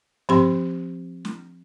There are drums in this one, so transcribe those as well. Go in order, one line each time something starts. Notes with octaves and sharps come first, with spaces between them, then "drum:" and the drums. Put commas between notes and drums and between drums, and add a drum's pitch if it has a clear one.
F3 C4 G4 C6, drum: tom G2
drum: snare